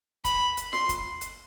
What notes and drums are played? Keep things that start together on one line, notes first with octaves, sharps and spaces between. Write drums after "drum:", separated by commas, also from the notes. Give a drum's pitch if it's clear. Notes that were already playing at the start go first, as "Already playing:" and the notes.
B5, drum: kick, hi-hat
drum: hi-hat
C6, drum: snare
drum: kick, hi-hat
drum: hi-hat